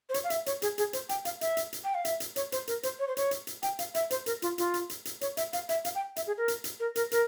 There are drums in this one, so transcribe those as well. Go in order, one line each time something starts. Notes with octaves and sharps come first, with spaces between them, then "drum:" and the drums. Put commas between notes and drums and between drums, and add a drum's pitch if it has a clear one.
C5
C#5, drum: hi-hat
F5
E5, drum: hi-hat
C#5, drum: hi-hat
G#4, drum: hi-hat
G#4, drum: hi-hat
C5, drum: hi-hat
G5, drum: hi-hat
F5, drum: hi-hat
E5, drum: hi-hat
drum: hi-hat
drum: hi-hat
G5
F5
E5, drum: hi-hat
drum: hi-hat
C#5, drum: hi-hat
C5, drum: hi-hat
A#4, drum: hi-hat
C5, drum: hi-hat
C#5
C5
C#5, drum: hi-hat
drum: hi-hat
drum: hi-hat
G5, drum: hi-hat
F5, drum: hi-hat
E5, drum: hi-hat
C5, drum: hi-hat
A#4, drum: hi-hat
F4, drum: hi-hat
F4, drum: hi-hat
drum: hi-hat
drum: hi-hat
drum: hi-hat
C#5, drum: hi-hat
E5, drum: hi-hat
F5, drum: hi-hat
E5, drum: hi-hat
F5, drum: hi-hat
G5
E5, drum: hi-hat
G#4
A#4
drum: hi-hat
drum: hi-hat
A#4
A#4, drum: hi-hat
A#4, drum: hi-hat